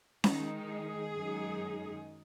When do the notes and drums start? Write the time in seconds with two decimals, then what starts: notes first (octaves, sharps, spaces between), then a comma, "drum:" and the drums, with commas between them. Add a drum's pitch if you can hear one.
0.24 D#3 G#3 D#4, drum: snare C#4
0.69 G#4
1.15 F#2 D#3 G#3 D#4